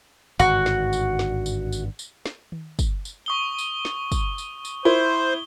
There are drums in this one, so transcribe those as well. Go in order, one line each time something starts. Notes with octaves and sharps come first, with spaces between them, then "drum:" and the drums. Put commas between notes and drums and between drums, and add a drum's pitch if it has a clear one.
G#1 G2 D3 F#4, drum: tambourine
drum: snare
drum: tambourine
drum: snare
drum: tambourine
drum: tambourine
drum: tambourine
drum: snare
drum: tom D#3
drum: kick, tambourine
drum: tambourine
C#6 D#6 G7
drum: tambourine
drum: snare
drum: kick, tambourine
drum: tambourine
drum: tambourine
E4 F4 A#4 C5 G7